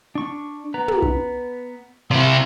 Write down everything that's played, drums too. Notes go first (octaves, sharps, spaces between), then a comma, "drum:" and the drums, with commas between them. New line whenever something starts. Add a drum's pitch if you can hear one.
D4 C#6
B3 B4 A#5
drum: tom
drum: kick
C3 E4 D5 F5 C6